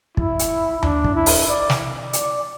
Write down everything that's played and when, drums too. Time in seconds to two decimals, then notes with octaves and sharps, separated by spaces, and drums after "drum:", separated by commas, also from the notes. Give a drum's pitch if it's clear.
0.17 E4, drum: kick
0.39 drum: hi-hat
0.83 D4, drum: tom D#2
1.04 drum: kick
1.15 E4
1.26 drum: open hi-hat
1.48 D5
1.70 drum: snare
2.13 D5, drum: hi-hat